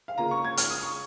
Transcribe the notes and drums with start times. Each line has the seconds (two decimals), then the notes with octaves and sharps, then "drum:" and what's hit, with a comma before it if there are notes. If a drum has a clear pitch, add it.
0.08 F5
0.17 C#3 A#3 F4 A#5
0.31 C#6
0.45 G#6
0.57 F6, drum: hi-hat
0.70 D#6
0.83 C#6